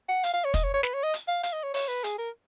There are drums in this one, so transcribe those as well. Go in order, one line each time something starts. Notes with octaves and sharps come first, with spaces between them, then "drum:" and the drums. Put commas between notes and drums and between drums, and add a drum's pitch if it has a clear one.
F#5
F5, drum: hi-hat
F5
C#5
D#5, drum: kick, hi-hat
C#5
C#5
B4, drum: snare
C#5
D#5
drum: hi-hat
F5
F5, drum: hi-hat
D#5
C#5
C#5, drum: open hi-hat
B4
G#4, drum: hi-hat
A#4